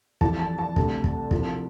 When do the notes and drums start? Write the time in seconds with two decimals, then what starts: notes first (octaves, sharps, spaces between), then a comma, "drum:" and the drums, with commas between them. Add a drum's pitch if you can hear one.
0.21 F2 E3 G3 A5, drum: kick
0.39 A5
0.59 A5
0.76 D2 C3 G3, drum: kick
1.04 drum: kick
1.31 C2 C3 F3, drum: kick